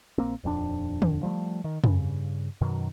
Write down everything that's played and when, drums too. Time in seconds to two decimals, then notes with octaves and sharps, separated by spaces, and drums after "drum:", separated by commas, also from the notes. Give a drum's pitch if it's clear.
0.18 A#1 A#3 C4
0.44 D#1 F2 C#4 D4
1.02 drum: tom D3
1.23 F3 G3 A3
1.64 D#3
1.84 G2 C#3, drum: tom F2
2.61 F#2 B2 D#3 F#3